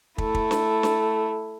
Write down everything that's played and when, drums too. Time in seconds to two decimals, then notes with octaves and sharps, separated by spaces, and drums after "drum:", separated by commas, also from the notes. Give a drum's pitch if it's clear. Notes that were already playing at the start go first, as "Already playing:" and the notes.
0.18 A3 E4, drum: kick
0.35 drum: kick
0.51 drum: snare
0.83 drum: snare